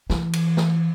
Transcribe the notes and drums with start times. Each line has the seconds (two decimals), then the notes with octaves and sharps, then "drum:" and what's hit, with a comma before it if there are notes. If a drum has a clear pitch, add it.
0.10 E3, drum: snare
0.33 drum: cymbal
0.57 drum: snare